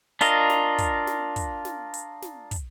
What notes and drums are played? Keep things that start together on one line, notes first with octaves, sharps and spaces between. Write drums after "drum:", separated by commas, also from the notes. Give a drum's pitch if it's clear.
D4 F4 A#4 D#5, drum: hi-hat
drum: snare
drum: kick, hi-hat
drum: snare
drum: kick, hi-hat
drum: snare
drum: hi-hat
drum: snare
drum: kick, hi-hat